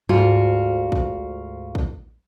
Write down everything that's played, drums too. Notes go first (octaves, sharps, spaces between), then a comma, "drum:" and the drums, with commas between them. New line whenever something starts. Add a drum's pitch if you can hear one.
D2 G#2 F4 F#4
drum: kick
drum: kick